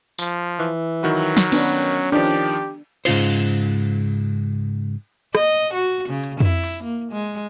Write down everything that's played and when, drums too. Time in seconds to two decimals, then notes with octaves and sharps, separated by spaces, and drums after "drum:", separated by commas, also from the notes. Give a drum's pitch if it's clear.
0.19 F3, drum: tambourine
0.59 E3
1.03 D#3 F#3 F#4 B4
1.37 drum: snare
1.52 B3 C#4 D4, drum: cymbal
2.12 D#3 F3 D4 G4
3.05 G#2 C#3 F4 C5, drum: cymbal
5.35 D#5, drum: rim click
5.74 F#4
6.09 C#3
6.24 drum: hi-hat
6.40 E4, drum: tom F2
6.64 drum: open hi-hat
6.83 A#3
7.12 G#3